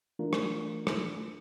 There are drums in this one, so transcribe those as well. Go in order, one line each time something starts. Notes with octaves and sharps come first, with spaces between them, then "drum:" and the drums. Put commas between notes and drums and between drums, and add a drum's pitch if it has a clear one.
E3 A3 D4 F4 A#4
drum: rim click
drum: rim click